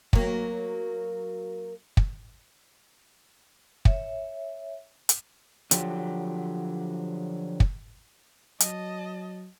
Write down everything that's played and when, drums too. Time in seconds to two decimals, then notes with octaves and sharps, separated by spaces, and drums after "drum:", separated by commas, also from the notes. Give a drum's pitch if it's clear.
0.13 F#3 A#3, drum: kick
1.97 drum: kick
3.85 C#5 E5, drum: kick
5.09 drum: hi-hat
5.71 D3 F3 F#3 G4, drum: hi-hat
7.60 drum: kick
8.60 F#3 D#5 A5, drum: hi-hat